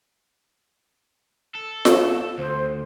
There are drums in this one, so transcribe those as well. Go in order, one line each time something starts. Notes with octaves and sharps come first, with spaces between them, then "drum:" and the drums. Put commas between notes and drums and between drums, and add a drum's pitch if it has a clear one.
A4
drum: snare F4
D2 C5